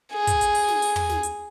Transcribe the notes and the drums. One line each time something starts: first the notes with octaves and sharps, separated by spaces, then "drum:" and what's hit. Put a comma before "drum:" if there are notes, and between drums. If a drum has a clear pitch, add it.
G#4
drum: kick, hi-hat
drum: hi-hat
drum: open hi-hat
drum: snare
drum: open hi-hat
drum: tom
drum: snare
drum: hi-hat